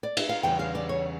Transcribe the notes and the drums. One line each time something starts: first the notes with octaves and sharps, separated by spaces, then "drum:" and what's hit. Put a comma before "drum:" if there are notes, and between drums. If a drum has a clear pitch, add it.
D5
E5, drum: cymbal
F5
E2 C#3 G3 G5
F5
D5
C#5